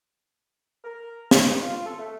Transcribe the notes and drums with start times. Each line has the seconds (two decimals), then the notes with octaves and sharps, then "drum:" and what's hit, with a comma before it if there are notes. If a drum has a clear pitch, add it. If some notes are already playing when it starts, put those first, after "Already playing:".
0.85 A#4
1.31 F4, drum: snare C4
1.46 G2
1.62 F4
1.86 A4
1.99 A3